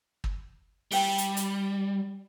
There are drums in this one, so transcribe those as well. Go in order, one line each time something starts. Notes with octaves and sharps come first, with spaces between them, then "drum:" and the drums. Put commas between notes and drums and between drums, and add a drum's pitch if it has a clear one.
drum: kick
G3 E4 B4 G5, drum: open hi-hat
drum: hi-hat
drum: hi-hat